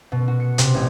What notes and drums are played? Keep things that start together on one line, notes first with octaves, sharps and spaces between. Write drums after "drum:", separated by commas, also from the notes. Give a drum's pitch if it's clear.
B2
F#4
C#7
C3, drum: hi-hat
A1